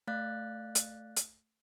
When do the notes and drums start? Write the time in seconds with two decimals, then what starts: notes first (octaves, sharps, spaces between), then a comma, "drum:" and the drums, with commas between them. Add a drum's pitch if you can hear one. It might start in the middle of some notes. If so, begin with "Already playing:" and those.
0.07 A3 D5 F5 F#6 A6
0.75 drum: hi-hat
1.16 drum: hi-hat